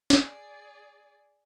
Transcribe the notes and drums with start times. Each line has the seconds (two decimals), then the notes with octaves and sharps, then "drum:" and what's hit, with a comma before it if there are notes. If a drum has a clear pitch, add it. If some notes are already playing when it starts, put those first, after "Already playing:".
0.10 G#4 D5, drum: snare